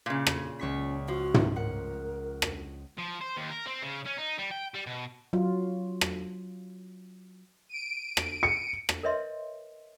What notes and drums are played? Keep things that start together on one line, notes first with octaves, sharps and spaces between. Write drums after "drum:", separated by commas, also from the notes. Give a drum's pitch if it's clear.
A#2 C#3
drum: rim click
C#2 C#4 C#6 B6
F3 F#4
drum: tom
A#4 F#5
drum: rim click
F3
C5
D#2
A#4
C4
C#3
C#4
D#4
G3
G5
G3
B2
F#3 F4
drum: rim click
D7 D#7
drum: rim click
C#7
drum: rim click
A#4 B4 C#5 D#5 E5 C6